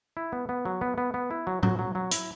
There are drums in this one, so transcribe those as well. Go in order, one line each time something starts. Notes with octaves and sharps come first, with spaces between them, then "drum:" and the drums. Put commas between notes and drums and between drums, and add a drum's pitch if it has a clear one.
E4
B3
B3
F#3
B3
B3
B3
E4
F#3
F#3, drum: tom A2
F#3
F#3
E4, drum: hi-hat